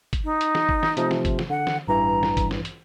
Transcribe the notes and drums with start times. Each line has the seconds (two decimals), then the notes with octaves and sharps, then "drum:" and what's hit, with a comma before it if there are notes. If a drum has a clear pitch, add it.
0.13 drum: kick G1, hi-hat
0.24 D#4
0.41 drum: hi-hat
0.55 drum: snare
0.69 drum: kick G1
0.83 drum: snare
0.97 C3 F3 A3, drum: hi-hat
1.11 drum: snare
1.25 drum: kick G1, hi-hat
1.39 drum: snare
1.50 D3 F#5
1.67 drum: snare
1.88 A1 G2 E3 A#5
2.23 drum: snare
2.37 drum: kick G1, hi-hat
2.51 drum: snare
2.65 drum: hi-hat